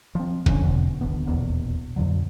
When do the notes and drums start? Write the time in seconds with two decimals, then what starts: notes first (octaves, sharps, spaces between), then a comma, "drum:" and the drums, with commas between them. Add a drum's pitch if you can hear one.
0.15 F3 C4
0.46 D3 F3 B3 C#4, drum: kick
0.62 E2 B2 D3
1.01 D1 G#1 D3 B3
1.27 D#1 A#1 E2 B2
1.96 F2 A#2 D3 F#3